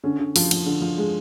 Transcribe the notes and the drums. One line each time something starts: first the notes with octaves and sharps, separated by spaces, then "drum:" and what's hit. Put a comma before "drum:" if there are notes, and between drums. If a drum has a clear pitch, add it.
D3 C#4
D3
F3, drum: open hi-hat
F3, drum: cymbal
D3
F3
G#3